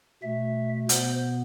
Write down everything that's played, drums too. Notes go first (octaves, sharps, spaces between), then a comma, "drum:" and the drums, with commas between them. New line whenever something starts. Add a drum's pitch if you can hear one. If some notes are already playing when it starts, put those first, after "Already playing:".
B2 A3 E5
B2 B3 C5, drum: hi-hat